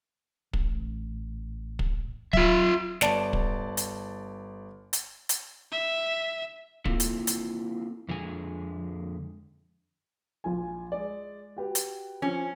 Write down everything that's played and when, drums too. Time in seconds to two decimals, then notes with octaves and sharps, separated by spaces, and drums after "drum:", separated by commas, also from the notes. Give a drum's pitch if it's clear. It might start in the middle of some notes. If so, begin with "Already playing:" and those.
0.53 A1, drum: kick
1.79 drum: kick
2.33 F#3 F4 E5, drum: kick
3.01 G1 D5 A5 D7, drum: snare
3.33 drum: kick
3.77 drum: hi-hat
4.93 drum: hi-hat
5.29 drum: hi-hat
5.72 E5
6.85 A#3 C4 E4 F4 A4, drum: kick
7.00 drum: hi-hat
7.27 drum: hi-hat
8.08 F2 D3 G#3 G#5
10.44 A#1 F4 G#5
10.92 G#3 D5
11.56 F#4 G4 B4
11.75 drum: hi-hat
12.22 F3 C4 C#4